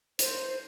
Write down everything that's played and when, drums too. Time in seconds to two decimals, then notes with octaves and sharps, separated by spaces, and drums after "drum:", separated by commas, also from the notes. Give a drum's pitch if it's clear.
0.19 C5, drum: hi-hat